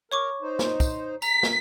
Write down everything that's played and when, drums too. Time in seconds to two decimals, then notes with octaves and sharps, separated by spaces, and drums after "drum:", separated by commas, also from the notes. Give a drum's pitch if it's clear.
0.12 A#4 C#5 C#6 D6
0.42 D#4 C5
0.59 drum: snare
0.80 drum: kick, tambourine
1.22 A#5 B6, drum: tambourine
1.43 drum: snare